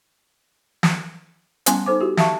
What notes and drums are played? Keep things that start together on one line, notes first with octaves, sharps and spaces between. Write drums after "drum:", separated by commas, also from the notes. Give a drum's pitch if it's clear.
drum: snare
G3 B3 C#4 E4 G#5 C6, drum: hi-hat
D#4 A4 C5 D6
E4 F#4 G4
E5 F5 A5 C#6, drum: snare